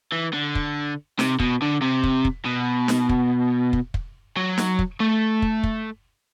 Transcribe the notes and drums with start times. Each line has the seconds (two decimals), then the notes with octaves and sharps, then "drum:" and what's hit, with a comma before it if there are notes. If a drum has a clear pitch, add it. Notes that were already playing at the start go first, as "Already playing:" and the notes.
0.12 E3
0.34 D3
0.55 drum: kick
1.19 C3, drum: snare
1.40 B2, drum: kick
1.62 D3
1.82 C3
2.03 drum: kick
2.25 drum: kick
2.46 B2
2.88 drum: snare
3.09 drum: kick
3.73 drum: kick
3.94 drum: kick
4.37 F#3
4.58 drum: snare
4.79 drum: kick
5.00 A3
5.42 drum: kick
5.63 drum: kick